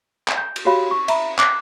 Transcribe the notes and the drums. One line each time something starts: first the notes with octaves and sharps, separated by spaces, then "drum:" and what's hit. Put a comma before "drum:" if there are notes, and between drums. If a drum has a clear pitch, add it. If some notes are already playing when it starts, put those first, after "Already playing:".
drum: clap
G6
drum: cymbal
F#4 G4 C#5 F5 B5
C#6
E5 A#5 B5, drum: cymbal
D6 F#6, drum: clap